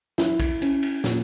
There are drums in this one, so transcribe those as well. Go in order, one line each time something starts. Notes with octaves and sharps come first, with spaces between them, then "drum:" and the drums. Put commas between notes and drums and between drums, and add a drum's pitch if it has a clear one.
E4, drum: snare
drum: kick A#1, cymbal
C#4, drum: cymbal
drum: cymbal
A#2, drum: snare